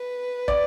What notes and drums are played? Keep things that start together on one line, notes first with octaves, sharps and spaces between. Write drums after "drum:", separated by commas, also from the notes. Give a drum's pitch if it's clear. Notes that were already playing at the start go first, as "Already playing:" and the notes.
Already playing: B4
D5, drum: kick